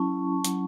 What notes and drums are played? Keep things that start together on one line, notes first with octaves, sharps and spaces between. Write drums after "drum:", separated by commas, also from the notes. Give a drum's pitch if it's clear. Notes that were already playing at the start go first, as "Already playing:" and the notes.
Already playing: F#3 C#4 E4 A5 C#6
F#3 C#4 E4, drum: hi-hat